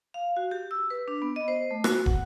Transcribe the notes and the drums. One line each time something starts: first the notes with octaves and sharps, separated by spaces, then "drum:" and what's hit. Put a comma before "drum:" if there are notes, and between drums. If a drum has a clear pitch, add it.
F5
F#4
G4
E6
B4
D4
B3
D#5
C5
A3
F#4, drum: rim click
F#5, drum: kick